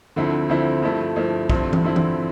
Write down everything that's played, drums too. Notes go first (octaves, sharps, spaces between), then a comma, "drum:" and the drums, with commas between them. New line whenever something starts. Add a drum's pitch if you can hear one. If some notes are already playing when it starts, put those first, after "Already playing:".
D2 D3 F3 C4 E4
D2 D3 F3 C4 E4
G2 F3 A3 E4
G2 F3 A3 E4
G2 D3 F3 C4 E4, drum: kick
drum: tom E3
G2 D3 F3 C4 E4
drum: tom E3